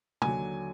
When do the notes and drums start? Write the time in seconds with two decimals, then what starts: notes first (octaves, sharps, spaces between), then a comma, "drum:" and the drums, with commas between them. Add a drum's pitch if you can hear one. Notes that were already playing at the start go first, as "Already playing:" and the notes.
0.22 D#2 D3 F#3 G#5, drum: tom